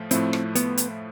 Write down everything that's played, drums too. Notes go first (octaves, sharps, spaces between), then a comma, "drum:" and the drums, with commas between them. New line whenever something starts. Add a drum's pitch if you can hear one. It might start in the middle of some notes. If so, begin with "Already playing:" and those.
Already playing: A2 F3 A3
A2 F3 A3 C4 E4, drum: hi-hat
drum: rim click
B3, drum: hi-hat
drum: hi-hat